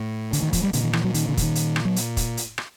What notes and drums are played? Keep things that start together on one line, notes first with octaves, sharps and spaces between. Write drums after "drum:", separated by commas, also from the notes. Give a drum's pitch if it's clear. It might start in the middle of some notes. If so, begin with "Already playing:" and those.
Already playing: A2
D3, drum: hi-hat
D#3
F3, drum: kick, hi-hat
G3
A#2 D3, drum: hi-hat
D#3
E3, drum: rim click
F#3
D#3, drum: hi-hat
D3
E3, drum: kick, hi-hat
D#3
drum: hi-hat
drum: rim click
F#3
drum: hi-hat
drum: kick, hi-hat
drum: hi-hat
drum: rim click